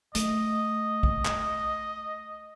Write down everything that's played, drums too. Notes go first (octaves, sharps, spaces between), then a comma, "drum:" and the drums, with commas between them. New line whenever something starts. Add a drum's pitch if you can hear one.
A3 D#5, drum: hi-hat
drum: kick B1
drum: clap